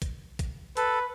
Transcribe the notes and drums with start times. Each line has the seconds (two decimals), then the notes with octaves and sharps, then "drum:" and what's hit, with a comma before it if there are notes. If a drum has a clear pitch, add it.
0.02 drum: kick, hi-hat
0.39 drum: kick, hi-hat
0.77 A4 B4, drum: hi-hat